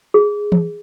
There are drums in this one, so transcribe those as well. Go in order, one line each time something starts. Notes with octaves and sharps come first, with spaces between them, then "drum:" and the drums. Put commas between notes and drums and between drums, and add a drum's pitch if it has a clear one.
G#4
drum: tom E3